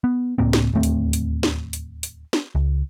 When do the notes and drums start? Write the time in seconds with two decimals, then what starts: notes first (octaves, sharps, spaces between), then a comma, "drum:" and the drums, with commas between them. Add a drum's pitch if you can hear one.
0.04 B3
0.38 C#2 A2 A#3 C4
0.53 drum: snare
0.74 D1 D#2 A3 C4
0.83 drum: hi-hat
1.13 drum: hi-hat
1.43 drum: snare
1.73 drum: hi-hat
2.03 drum: hi-hat
2.33 drum: snare
2.55 C#2